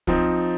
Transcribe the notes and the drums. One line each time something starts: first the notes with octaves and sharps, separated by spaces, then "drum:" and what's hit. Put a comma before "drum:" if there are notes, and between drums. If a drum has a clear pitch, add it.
F3 C4 D#4, drum: kick